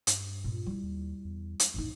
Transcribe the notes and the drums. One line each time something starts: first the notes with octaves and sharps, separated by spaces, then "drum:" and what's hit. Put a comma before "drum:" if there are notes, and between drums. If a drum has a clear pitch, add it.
G2, drum: hi-hat
A#2 F4
G3 E4
D#2
E2
drum: hi-hat
A1 F2 D#4